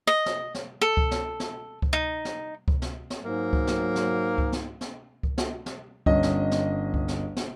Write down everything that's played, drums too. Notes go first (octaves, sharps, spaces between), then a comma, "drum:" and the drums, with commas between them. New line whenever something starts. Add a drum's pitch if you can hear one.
D#5
drum: snare
drum: snare
A4
drum: kick C#2
drum: snare
drum: snare
drum: kick C#2
D#4
drum: snare
drum: kick C#2
drum: snare
drum: snare
G#2 F#3 A#3
drum: kick C#2
drum: snare
drum: snare
drum: kick C#2
drum: snare
drum: snare
drum: kick C#2
drum: snare
drum: snare
G1 C#4 D#5, drum: kick C#2
drum: snare
drum: snare
drum: kick C#2
drum: snare
drum: snare